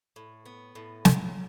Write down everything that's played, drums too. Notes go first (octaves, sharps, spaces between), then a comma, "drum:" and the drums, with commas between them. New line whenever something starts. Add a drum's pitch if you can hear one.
A2
B3
A2
F#3, drum: snare